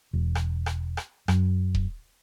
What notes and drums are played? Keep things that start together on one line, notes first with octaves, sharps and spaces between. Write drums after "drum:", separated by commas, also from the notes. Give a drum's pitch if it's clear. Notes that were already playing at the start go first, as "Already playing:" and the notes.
E1
drum: rim click
drum: rim click
drum: rim click
F#2, drum: rim click
drum: kick D#1